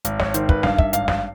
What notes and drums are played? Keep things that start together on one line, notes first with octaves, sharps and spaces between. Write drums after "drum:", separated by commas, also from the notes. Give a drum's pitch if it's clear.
G#1, drum: hi-hat
C#5, drum: snare
D#3 C5, drum: hi-hat
B4, drum: kick
G2 F5, drum: snare
E5, drum: kick
G#1 F5, drum: hi-hat
F5, drum: snare